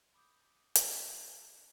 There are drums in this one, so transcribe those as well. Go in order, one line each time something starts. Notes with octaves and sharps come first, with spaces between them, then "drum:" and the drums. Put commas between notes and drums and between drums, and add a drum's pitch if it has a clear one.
B5 D6 D#6 G6
drum: hi-hat